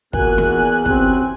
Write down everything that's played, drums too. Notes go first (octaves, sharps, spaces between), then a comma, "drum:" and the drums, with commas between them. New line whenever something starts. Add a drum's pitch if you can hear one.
E2 A#2 F#4 A#4 G#5 F#6, drum: kick
drum: snare
C#3 C4 F#4 G4 G#5, drum: kick